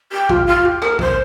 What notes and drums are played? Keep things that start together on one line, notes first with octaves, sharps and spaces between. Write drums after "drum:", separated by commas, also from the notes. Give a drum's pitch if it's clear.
G4
F4, drum: kick A1
F4
G4
A#4, drum: rim click
C5, drum: kick A1